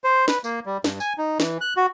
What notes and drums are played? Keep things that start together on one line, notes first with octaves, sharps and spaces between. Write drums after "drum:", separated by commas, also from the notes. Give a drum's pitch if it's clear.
C5
B4, drum: snare
A#3, drum: tambourine
G3
G2, drum: snare
G#5, drum: tambourine
D#4
E3, drum: snare
F#6
F#4